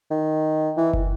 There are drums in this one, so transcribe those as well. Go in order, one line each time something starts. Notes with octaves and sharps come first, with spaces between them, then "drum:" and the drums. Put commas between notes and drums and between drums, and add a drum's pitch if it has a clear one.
D#3
E3
drum: kick